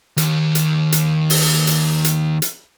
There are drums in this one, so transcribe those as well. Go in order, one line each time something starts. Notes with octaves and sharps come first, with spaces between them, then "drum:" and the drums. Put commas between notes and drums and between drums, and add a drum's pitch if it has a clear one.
D#2 D#3, drum: hi-hat
drum: hi-hat
drum: hi-hat
drum: open hi-hat
drum: hi-hat
drum: hi-hat
drum: hi-hat